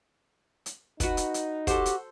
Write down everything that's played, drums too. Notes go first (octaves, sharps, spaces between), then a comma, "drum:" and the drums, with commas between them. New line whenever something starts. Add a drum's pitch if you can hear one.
drum: hi-hat
D#4 F#4 B4, drum: kick, hi-hat
drum: hi-hat
drum: hi-hat
F#4 G4 A4 C5, drum: kick, hi-hat
drum: hi-hat